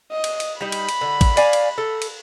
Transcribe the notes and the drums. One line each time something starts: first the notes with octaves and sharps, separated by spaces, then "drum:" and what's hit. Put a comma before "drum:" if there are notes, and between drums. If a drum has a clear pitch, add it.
D#5
drum: cymbal
drum: cymbal
G3 D#4 B5
drum: cymbal
drum: cymbal
D3
drum: kick A1, cymbal
D5 F5 G#5, drum: cymbal
drum: cymbal
A4
drum: cymbal